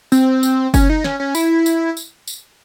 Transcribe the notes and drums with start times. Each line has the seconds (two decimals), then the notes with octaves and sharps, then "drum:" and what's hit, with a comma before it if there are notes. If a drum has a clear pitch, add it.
0.12 C4, drum: tambourine
0.43 drum: tambourine
0.74 C#4, drum: kick F#1, tambourine
0.90 D#4
1.04 C#4, drum: snare
1.20 C#4
1.35 E4, drum: tambourine
1.66 drum: tambourine
1.97 drum: tambourine
2.27 drum: tambourine